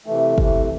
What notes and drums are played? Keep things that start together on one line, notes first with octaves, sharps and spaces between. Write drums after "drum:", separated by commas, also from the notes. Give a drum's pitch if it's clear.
C3 E3 A3
C3 E3 A3, drum: kick